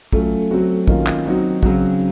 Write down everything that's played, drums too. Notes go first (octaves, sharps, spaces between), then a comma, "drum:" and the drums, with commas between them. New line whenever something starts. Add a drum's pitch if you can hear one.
F#3 A3 C#4 F4, drum: kick
F#3 A3 C4 F#4
D#3 A#3 C#4 F4, drum: kick
drum: clap
F#3 C4 D#4 F#4
C#3 F#3 C4 F#4, drum: kick